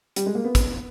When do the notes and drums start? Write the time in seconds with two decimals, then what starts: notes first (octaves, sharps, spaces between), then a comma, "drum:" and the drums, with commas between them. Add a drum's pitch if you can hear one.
0.16 G3, drum: hi-hat
0.26 G#3
0.35 A#3
0.45 B3
0.55 drum: kick, hi-hat